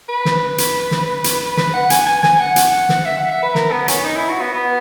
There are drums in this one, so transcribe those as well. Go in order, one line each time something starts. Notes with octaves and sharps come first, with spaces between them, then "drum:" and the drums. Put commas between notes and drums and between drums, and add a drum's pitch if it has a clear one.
B4
drum: snare
drum: hi-hat
drum: snare
drum: hi-hat
B4, drum: snare
F#5
G#5, drum: hi-hat
G#5
G#5, drum: snare
F#5
drum: hi-hat
drum: snare
E5
F#5
E5
B4
A#4, drum: snare
B3
C#4, drum: hi-hat
D#4
E4
F#4
B3
B3